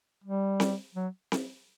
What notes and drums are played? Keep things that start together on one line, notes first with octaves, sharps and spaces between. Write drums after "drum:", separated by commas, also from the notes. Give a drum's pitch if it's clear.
G3
drum: snare C4
F#3
drum: snare C4